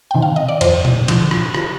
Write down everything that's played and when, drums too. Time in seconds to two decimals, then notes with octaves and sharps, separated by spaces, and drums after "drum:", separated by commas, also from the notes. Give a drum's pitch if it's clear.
0.11 C3 D#3 G5
0.22 F5
0.36 D#5
0.48 D5
0.61 F2 C5, drum: cymbal
0.85 drum: tom A#2
1.08 D3 F3, drum: cymbal
1.31 drum: rim click
1.54 drum: rim click